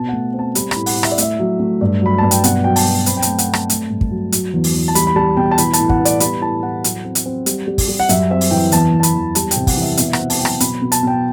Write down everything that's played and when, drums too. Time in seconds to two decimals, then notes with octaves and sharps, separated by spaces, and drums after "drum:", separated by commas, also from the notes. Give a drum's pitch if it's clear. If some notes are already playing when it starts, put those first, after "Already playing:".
Already playing: B2 A5
0.09 A3 F#5
0.34 C4
0.39 A5
0.55 G3 B5, drum: hi-hat
0.71 A2 B5, drum: rim click
0.86 F#5, drum: open hi-hat
0.97 A2
1.03 E5, drum: rim click
1.12 D5
1.18 A3 E5, drum: hi-hat
1.39 F#3
1.60 A3
1.81 G2
2.02 F#3 B5
2.18 G2 A5
2.31 G5, drum: hi-hat
2.44 B2 F#5, drum: hi-hat
2.64 F#3 G5
2.76 A5, drum: open hi-hat
2.86 F#3
3.06 C4 B5, drum: hi-hat
3.17 G5
3.22 A5, drum: hi-hat
3.28 A3
3.38 F#5, drum: hi-hat
3.48 C4
3.53 A5, drum: rim click
3.70 A3, drum: hi-hat
3.91 G2
4.01 drum: kick
4.11 F#3
4.32 F#3, drum: hi-hat
4.53 E2
4.64 drum: open hi-hat
4.74 E2
4.88 A5
4.95 G3 B5, drum: hi-hat
5.07 B5
5.16 G3 A5
5.37 B2 G5
5.51 A5
5.58 E3 B5, drum: hi-hat
5.73 A5, drum: hi-hat
5.80 A2
5.89 F#5, drum: kick
5.99 B3
6.05 D5, drum: hi-hat
6.20 G3 B5, drum: hi-hat
6.41 A2 A5
6.63 A2 F#5
6.84 F#3, drum: hi-hat
7.05 C4
7.15 drum: hi-hat
7.26 C4
7.46 G3, drum: hi-hat
7.67 G3
7.78 drum: kick, open hi-hat
7.88 G3
8.00 F#5
8.09 F#2 E5, drum: hi-hat
8.31 C4 E5
8.41 drum: open hi-hat
8.51 E3 G5
8.72 E2 A5, drum: hi-hat
8.93 E2
9.00 A5
9.03 B5, drum: hi-hat
9.15 E2
9.35 G3 A5, drum: hi-hat
9.51 G5, drum: hi-hat
9.56 C3
9.67 F#5, drum: kick, open hi-hat
9.77 E3 E5
9.97 B2 E5, drum: hi-hat
10.08 E5
10.13 F#5, drum: rim click
10.19 C4
10.30 A5, drum: open hi-hat
10.39 F#3 G5
10.45 A5, drum: rim click
10.60 B2 B5, drum: hi-hat
10.82 B2
10.92 A5, drum: hi-hat
11.03 B2 G5